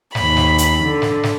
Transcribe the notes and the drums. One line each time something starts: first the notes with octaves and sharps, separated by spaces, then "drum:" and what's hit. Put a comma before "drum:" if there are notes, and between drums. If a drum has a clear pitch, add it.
D#2 B5, drum: snare
drum: snare
drum: hi-hat
D3
drum: snare
drum: snare